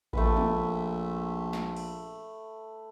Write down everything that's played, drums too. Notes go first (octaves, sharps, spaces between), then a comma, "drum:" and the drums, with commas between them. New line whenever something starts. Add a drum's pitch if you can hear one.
A#1 A3 B4, drum: kick A1
drum: tom G#3
drum: snare
drum: cymbal